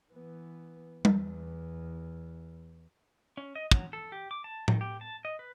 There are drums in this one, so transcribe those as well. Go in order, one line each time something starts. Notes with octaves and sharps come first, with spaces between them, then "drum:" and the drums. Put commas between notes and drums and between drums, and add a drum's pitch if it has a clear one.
E3 B3
E2 E3, drum: tom G3
C#4
D#5
F#3, drum: kick
A4
G4
D6
A5
D#3, drum: tom A2
G4
A5
D#5
B4